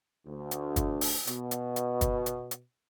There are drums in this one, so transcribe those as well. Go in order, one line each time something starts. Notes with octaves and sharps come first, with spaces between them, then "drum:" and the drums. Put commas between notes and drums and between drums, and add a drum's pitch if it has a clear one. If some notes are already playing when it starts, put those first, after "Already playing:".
D2
drum: hi-hat
drum: kick, hi-hat
drum: open hi-hat
B2, drum: hi-hat
drum: hi-hat
drum: hi-hat
drum: kick, hi-hat
drum: hi-hat
drum: hi-hat